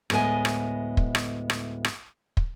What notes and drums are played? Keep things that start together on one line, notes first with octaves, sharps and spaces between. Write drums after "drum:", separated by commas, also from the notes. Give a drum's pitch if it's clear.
D2 A2 G#3 B3 D#5 G#5, drum: rim click
drum: rim click
drum: kick
drum: rim click
drum: rim click
drum: rim click
drum: kick